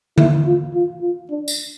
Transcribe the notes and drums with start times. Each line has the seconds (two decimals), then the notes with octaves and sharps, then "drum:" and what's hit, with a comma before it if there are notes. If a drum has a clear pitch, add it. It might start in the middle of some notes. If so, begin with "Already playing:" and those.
0.18 E4, drum: tom D3
0.46 F4
0.74 F4
1.01 F4
1.30 D4
1.48 drum: tambourine